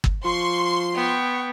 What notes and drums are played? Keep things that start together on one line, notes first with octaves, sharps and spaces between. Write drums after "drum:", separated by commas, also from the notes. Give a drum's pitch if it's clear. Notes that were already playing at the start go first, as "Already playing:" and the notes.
drum: kick
F3 C6 C#6
B3 G5 C#6